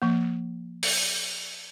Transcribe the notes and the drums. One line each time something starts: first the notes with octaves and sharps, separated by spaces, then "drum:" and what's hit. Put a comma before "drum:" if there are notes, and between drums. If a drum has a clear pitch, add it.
F3 A#3
drum: open hi-hat